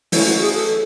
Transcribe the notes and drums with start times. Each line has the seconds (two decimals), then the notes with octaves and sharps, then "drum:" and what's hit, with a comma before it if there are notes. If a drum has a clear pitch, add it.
0.12 F#3 A3 C#4 E4, drum: open hi-hat
0.26 F#4
0.40 G#4
0.54 A4